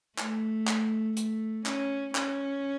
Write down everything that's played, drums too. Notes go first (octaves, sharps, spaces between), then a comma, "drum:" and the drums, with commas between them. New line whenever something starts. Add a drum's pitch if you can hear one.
A3, drum: clap
drum: clap
A3, drum: hi-hat
C#4, drum: clap
C#4, drum: clap